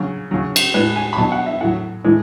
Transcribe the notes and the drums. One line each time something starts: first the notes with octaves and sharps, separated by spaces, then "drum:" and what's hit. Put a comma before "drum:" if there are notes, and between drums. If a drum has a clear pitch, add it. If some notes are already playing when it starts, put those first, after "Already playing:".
Already playing: C#3 F#3
C#3 F#3
drum: cymbal
A2 G#3 B4
G#5
B5
B2 F#3 A5
F#5
E5
A2 F#3 F#5
A2 E3 G#3